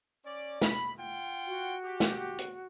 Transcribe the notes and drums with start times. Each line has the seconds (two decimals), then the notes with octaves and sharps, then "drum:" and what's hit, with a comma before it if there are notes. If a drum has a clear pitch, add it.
0.25 C#4 D5
0.62 B5, drum: snare
0.99 F4 F#5 G5
1.47 F#4
1.84 G4
2.00 drum: snare
2.39 drum: hi-hat